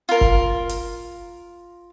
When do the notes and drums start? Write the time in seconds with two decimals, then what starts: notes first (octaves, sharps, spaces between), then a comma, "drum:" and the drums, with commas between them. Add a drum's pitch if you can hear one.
0.09 F4 A#4
0.21 drum: kick F#1
0.69 drum: hi-hat